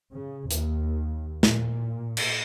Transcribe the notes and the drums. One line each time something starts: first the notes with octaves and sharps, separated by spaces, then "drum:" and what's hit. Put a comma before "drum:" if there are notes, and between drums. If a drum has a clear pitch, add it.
C#3
D#2, drum: hi-hat
A#2, drum: snare
drum: cymbal